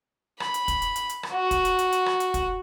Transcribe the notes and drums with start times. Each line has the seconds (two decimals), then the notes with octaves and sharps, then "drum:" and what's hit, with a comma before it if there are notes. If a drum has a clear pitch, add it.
0.40 B5, drum: rim click
0.54 drum: hi-hat
0.68 drum: kick, hi-hat
0.82 drum: hi-hat
0.96 drum: hi-hat
1.09 drum: hi-hat
1.23 drum: rim click
1.33 F#4
1.51 drum: kick, hi-hat
1.65 drum: hi-hat
1.79 drum: hi-hat
1.92 drum: hi-hat
2.06 drum: rim click
2.20 drum: hi-hat
2.34 drum: kick, hi-hat